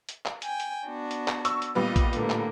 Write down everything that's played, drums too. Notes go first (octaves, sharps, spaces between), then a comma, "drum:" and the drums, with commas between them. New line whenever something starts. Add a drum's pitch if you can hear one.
drum: hi-hat
drum: clap
G5 G#5, drum: hi-hat
drum: hi-hat
B3 D4 F#4
drum: hi-hat
drum: clap
C#6 E6, drum: hi-hat
drum: hi-hat
A#2 G3 B3 D#5
drum: kick A#1, hi-hat
A2 D3 A#3, drum: hi-hat
drum: clap